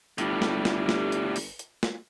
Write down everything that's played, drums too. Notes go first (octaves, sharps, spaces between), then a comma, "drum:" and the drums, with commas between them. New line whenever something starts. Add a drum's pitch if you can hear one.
G1 A2 G3, drum: hi-hat
drum: snare
drum: snare
drum: snare
drum: hi-hat
drum: open hi-hat
drum: hi-hat
drum: snare